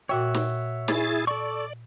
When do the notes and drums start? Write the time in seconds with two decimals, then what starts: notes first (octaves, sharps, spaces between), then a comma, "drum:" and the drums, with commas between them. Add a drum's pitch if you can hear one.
0.09 A#2 F#4 C#5 E5 F#5 G5
0.34 drum: snare
0.88 E4 G#4 A6, drum: snare
1.27 A4 D5 C#6